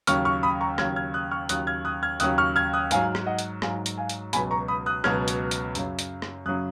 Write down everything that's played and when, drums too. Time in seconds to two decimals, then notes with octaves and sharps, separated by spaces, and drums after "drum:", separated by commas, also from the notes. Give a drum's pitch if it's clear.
0.07 D#2 C#3 F#3 C#6 F6, drum: hi-hat
0.25 C#6 F6
0.43 B5 D#6
0.61 A#5 C#6
0.78 D#2 C#3 F#3 F6 G#6, drum: rim click
0.96 F6 G#6
1.14 D#6 F#6
1.31 C#6 F6
1.49 D#2 C#3 F#3 D#6 F#6, drum: hi-hat
1.67 F6 G#6
1.85 D#6 F#6
2.03 F6 G#6
2.20 D#2 C#3 F#3 D#6 F#6, drum: hi-hat
2.38 C#6 F6
2.56 F6 G#6
2.74 D#6 F#6
2.91 G#2 F#3 F5 G#5, drum: hi-hat
3.15 drum: rim click
3.26 D#5 F#5
3.39 drum: hi-hat
3.62 G#2 F#3 F5 G#5, drum: rim click
3.86 drum: hi-hat
3.98 F5 G#5
4.09 drum: hi-hat
4.33 C#2 B2 F#3 G#5 B5, drum: hi-hat
4.51 A#5 C#6
4.68 B5 D#6
4.86 D#6 F#6
5.04 C#2 B2 F#3 F6 G#6, drum: rim click
5.28 drum: hi-hat
5.51 drum: hi-hat
5.75 F#2 C#3 F#3, drum: hi-hat
5.99 drum: hi-hat
6.22 drum: rim click
6.46 F#2 C#3 F#3 D#6 F#6